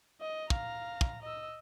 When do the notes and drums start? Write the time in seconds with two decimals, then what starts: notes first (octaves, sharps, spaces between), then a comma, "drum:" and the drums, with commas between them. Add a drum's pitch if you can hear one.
0.21 D#5
0.50 F5 A#5, drum: kick
1.01 drum: kick
1.22 D#5 E6